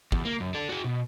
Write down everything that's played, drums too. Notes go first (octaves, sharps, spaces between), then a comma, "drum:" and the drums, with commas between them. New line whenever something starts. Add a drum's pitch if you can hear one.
E2, drum: kick
A#3
F#2
A4 D5
F#4 G#4
B2